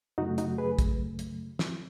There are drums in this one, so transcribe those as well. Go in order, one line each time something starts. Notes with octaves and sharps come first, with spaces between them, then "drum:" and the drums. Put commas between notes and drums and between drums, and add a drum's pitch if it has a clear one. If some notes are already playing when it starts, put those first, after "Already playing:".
F#2 C#3 F#3 A3 D#4 F#4
D#4 F#4, drum: hi-hat
G#4 B4
drum: kick, hi-hat
drum: hi-hat
drum: snare